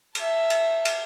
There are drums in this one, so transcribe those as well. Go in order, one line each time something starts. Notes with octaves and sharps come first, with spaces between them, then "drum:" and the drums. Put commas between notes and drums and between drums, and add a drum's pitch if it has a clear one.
E5 A5, drum: cymbal
drum: cymbal
drum: cymbal